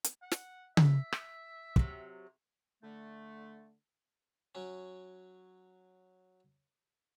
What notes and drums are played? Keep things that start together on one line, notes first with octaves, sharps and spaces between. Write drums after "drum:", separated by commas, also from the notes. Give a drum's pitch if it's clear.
drum: hi-hat
F#5
drum: snare
E5, drum: tom C#3
drum: rim click
C3 F#3, drum: kick
D3 A3
F#3 C#4